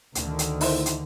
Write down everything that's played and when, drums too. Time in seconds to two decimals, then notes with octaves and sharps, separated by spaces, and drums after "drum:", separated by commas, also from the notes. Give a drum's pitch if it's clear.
0.15 D2 D3 D#3, drum: hi-hat
0.39 drum: hi-hat
0.61 D#4 E4 C5, drum: open hi-hat
0.86 drum: hi-hat